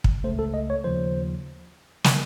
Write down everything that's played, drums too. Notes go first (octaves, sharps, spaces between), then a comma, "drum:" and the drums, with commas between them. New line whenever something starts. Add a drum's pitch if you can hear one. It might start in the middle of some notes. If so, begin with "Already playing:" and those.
drum: kick
C#2 C#3 A3 C5
A4
D#5
C#5
D#2 C#3 F3 C5
drum: snare